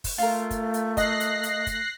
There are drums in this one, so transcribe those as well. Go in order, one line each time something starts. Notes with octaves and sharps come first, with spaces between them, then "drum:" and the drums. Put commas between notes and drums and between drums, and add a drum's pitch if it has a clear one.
drum: kick, open hi-hat
A3 F4 A#4
drum: kick, hi-hat
drum: hi-hat
D#5 F#6 A#6 C7, drum: kick, hi-hat
drum: hi-hat
drum: hi-hat
drum: kick, hi-hat